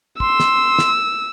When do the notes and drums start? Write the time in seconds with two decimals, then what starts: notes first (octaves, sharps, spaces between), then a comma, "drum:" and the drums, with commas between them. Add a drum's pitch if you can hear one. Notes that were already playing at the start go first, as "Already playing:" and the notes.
0.20 C6 E6, drum: kick
0.40 drum: snare
0.78 drum: snare